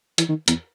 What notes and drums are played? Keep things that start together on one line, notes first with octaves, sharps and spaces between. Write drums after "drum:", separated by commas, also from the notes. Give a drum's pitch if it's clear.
E3, drum: hi-hat
D#3
E2, drum: hi-hat